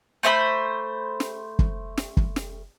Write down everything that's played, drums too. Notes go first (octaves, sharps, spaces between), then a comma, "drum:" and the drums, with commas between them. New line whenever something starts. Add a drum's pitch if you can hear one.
A3 C5 E5 B5
drum: snare
drum: kick F#1
drum: snare
drum: kick F#1
drum: snare